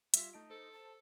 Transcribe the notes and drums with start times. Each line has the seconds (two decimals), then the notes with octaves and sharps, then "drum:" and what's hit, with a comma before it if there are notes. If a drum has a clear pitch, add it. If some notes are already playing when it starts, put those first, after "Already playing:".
0.14 G3 F4 E5, drum: hi-hat
0.33 A3 D#4 A5 D7
0.50 A4 C5
0.72 A5